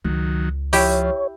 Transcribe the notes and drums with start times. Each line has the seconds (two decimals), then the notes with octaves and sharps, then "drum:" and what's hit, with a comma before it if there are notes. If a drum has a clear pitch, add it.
0.05 C#2 D#3 F#3
0.73 F3 E4 G4 C#5, drum: open hi-hat